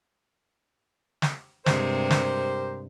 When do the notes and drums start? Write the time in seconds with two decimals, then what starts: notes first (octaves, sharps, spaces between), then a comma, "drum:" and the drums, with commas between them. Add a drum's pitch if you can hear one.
1.22 drum: snare
1.66 G2 C3 G#3 G4 A#4 C5, drum: snare
2.10 drum: snare